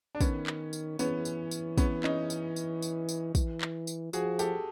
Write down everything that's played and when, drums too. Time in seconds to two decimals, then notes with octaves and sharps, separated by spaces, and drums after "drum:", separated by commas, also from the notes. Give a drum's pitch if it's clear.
0.15 D4
0.21 D#3 B3 C#4, drum: kick, tambourine
0.47 drum: clap
0.73 drum: tambourine
0.99 E3 B3 C#4, drum: tambourine
1.25 drum: tambourine
1.51 drum: tambourine
1.78 B3 C#4, drum: kick, tambourine
2.04 C#4 D#4, drum: clap
2.30 drum: tambourine
2.56 drum: tambourine
2.82 drum: tambourine
3.09 drum: tambourine
3.35 E3, drum: kick, tambourine
3.61 drum: clap
3.87 drum: tambourine
4.13 F3 F#4 G#4, drum: tambourine
4.39 G4 A4, drum: tambourine